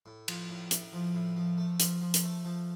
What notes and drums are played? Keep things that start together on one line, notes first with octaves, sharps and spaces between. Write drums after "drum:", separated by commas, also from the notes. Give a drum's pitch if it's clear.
A2
F3, drum: cymbal
A2
A2, drum: hi-hat
F3
A2
F3
A3
F3, drum: hi-hat
F3
drum: hi-hat
A3
F3